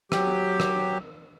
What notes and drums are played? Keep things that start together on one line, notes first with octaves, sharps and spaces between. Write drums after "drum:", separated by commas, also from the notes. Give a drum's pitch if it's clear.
F#3 G4, drum: rim click
drum: rim click